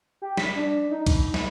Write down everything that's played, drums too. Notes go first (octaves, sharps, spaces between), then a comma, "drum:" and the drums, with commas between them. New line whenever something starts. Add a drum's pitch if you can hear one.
G4
B6, drum: snare
D4
D#4
drum: kick C2, cymbal
drum: snare